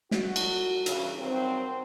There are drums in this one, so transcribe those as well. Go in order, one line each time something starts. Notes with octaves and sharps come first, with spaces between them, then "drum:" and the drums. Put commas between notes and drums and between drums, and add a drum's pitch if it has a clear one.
F#4, drum: snare
drum: cymbal
G2 C#3 E3, drum: hi-hat
G2 D#3 F#3 C4